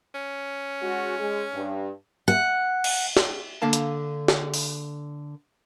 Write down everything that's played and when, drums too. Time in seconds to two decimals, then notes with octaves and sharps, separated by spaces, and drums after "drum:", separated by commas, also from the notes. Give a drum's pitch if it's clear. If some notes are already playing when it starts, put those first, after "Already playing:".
0.14 C#4
0.82 G#3 F#4
1.19 G#3
1.54 G2
2.28 F#5
2.84 drum: cymbal
3.17 drum: snare
3.62 D3 A#3 F5 A5
3.73 drum: hi-hat
4.28 drum: snare
4.54 drum: open hi-hat